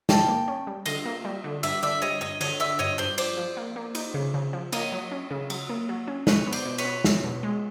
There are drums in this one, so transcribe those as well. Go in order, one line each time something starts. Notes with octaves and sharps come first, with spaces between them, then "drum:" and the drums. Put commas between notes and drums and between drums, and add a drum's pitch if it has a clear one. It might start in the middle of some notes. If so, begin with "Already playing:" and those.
G3 G5 A5, drum: snare
A#3
C#4
G3
D3 D#5 F5, drum: cymbal
A#3
G3
D3
G2 D5 E5, drum: cymbal
D3 D5 E5
G3 C#5 D#5
G2 C#5 D#5
D3 C#5 D#5, drum: cymbal
D3 D5 E5
G2 C#5 D#5
G2 C5 D5
F3 C5 D5, drum: cymbal
F3
A#3
A#3
D#4, drum: cymbal
C#3
C#3
F3
A#3 C#5 D#5, drum: cymbal
F#3
C#4
C#3
F#3, drum: cymbal
A#3
F#3
C#4
G#3 B4 C#5, drum: snare
B3
C5 D5, drum: cymbal
B2
B4 C#5, drum: cymbal
B3
E2, drum: snare
B2
G#3